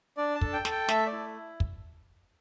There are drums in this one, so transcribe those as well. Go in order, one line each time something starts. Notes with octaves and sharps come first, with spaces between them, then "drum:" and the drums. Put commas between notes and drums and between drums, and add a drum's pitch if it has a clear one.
D4 D5
A5
A4, drum: kick
G5
A4, drum: snare
G5
A3 E5, drum: snare
D5
E4
drum: kick